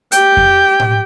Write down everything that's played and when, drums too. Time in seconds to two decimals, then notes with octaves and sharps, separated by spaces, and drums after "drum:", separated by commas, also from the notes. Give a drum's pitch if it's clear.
0.12 G4 G5, drum: hi-hat
0.37 drum: kick F2
0.80 drum: tom A2